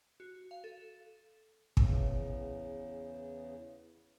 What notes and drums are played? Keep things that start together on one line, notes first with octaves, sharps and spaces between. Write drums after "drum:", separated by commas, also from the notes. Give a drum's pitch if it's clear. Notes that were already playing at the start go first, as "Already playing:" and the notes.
F#4
F5
A4
E2 C#3, drum: kick